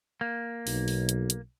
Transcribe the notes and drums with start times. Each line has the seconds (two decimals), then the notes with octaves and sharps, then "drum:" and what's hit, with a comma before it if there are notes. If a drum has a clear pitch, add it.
0.21 A#3
0.67 B1, drum: open hi-hat
0.88 drum: open hi-hat
1.09 drum: hi-hat
1.30 drum: hi-hat